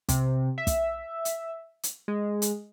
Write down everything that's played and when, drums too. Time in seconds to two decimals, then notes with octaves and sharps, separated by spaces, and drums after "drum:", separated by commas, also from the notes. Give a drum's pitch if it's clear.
0.08 C3, drum: kick, hi-hat
0.58 E5
0.67 drum: kick, hi-hat
1.25 drum: hi-hat
1.83 drum: hi-hat
2.08 G#3
2.42 drum: hi-hat